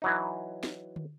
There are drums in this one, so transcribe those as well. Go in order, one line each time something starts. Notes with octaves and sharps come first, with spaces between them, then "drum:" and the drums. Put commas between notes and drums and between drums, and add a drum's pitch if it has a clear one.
E3 F#3 D#4
drum: snare
drum: tom